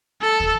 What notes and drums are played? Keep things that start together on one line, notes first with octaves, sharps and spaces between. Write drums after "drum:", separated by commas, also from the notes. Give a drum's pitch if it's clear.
A4
drum: kick